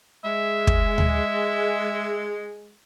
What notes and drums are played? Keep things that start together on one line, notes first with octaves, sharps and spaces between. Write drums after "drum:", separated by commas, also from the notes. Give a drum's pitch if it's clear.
G#3 E5
drum: kick
drum: tom D2